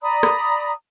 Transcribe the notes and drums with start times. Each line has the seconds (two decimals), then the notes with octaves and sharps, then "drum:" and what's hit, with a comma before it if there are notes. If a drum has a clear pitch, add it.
0.02 D5 A#5 B5 D#6
0.23 drum: rim click